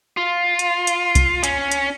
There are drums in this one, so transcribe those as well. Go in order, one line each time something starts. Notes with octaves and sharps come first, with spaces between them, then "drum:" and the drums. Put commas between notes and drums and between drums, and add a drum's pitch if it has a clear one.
F4
drum: hi-hat
drum: hi-hat
drum: kick B1, hi-hat
C#4, drum: hi-hat
drum: hi-hat